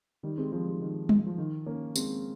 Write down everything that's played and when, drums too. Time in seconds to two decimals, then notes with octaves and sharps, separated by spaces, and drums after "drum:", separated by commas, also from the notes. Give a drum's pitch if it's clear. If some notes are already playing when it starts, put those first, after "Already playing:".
0.23 D#3 G3
0.37 G#3 C4
0.52 F3 G#3
0.66 D#3 G3
0.81 D#3
1.09 F3, drum: tom G3
1.27 F3
1.38 D#3
1.66 A#3 C#4
1.96 G#3 C4, drum: tambourine